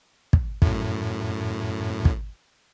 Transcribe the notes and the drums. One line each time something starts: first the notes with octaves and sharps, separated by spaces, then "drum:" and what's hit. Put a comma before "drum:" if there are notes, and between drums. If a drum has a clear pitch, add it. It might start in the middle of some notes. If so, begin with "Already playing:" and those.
drum: kick
F#2 A2, drum: kick
drum: kick